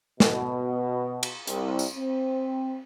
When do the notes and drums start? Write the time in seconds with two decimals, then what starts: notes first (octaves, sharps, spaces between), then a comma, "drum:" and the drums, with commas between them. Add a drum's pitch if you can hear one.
0.20 B2, drum: snare
1.23 drum: cymbal
1.47 C2, drum: hi-hat
1.79 drum: tambourine
1.96 C4